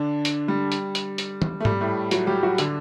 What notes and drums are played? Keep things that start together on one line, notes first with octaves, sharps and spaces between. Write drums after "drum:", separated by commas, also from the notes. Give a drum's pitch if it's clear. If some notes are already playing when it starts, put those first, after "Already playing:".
Already playing: D3 D4
drum: hi-hat
G3
drum: hi-hat
drum: hi-hat
drum: hi-hat
drum: tom
A3
G3, drum: tom G#2
A2 A3
F#3 F#4, drum: hi-hat
G3 G4
F#3 F#4
D3 D4, drum: hi-hat